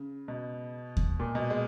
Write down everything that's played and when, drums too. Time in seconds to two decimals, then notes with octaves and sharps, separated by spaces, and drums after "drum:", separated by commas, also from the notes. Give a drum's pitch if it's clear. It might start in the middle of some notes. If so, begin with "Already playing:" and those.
Already playing: C#3
0.28 B2
0.97 drum: kick D#2
1.20 A#2
1.35 B2
1.50 G#3